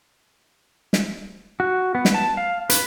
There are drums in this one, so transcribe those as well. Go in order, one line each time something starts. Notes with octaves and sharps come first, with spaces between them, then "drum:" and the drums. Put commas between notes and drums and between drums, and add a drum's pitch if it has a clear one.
drum: snare
F#4
B3
drum: snare
A5
F5
B4, drum: hi-hat